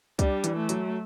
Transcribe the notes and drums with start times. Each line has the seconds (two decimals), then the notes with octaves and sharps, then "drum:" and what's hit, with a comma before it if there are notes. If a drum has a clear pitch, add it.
0.19 G3 D4, drum: kick C2, hi-hat
0.44 E3, drum: hi-hat
0.57 A3
0.69 F#3, drum: hi-hat